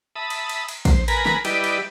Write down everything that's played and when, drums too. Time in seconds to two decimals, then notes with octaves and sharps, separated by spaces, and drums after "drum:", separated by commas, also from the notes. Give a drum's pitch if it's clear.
0.16 E5 A5 B5 D#6
0.30 drum: cymbal
0.49 drum: cymbal
0.68 drum: cymbal
0.85 C5, drum: kick A#1, cymbal
1.08 A#4 B4 G#5 A#5 B5, drum: cymbal
1.26 drum: snare
1.45 G3 E4 G4 B4 D5 D#5, drum: cymbal
1.64 drum: cymbal